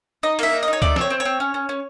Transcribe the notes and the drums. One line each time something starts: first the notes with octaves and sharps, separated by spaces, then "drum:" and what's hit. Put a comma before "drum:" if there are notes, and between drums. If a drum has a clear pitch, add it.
D#4 D#5
A#3 E5, drum: cymbal
D#4
D#5
D#4 C#5
A3 D5, drum: kick
C4 C#5, drum: snare
C4
C#5
C4
C#4
C#4
C#4